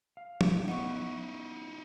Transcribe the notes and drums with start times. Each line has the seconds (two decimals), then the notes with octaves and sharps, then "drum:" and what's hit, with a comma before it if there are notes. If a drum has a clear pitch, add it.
0.17 F5
0.41 drum: tom
0.68 B3 C#4 D#4 E4 D#5 F#5 C#6